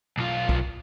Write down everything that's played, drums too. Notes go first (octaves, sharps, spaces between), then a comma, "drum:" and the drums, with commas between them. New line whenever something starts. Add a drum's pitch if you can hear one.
B1 F4
drum: kick